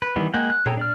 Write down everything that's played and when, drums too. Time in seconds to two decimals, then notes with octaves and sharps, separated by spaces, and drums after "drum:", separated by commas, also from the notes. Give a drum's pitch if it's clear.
0.02 B4
0.16 D#3 E3 G3 B3
0.34 G#3 A#3 F#5 G5
0.50 F#6
0.66 G#4 A4 C#5 G5 A#5, drum: tom A#2
0.77 D4 D5 F6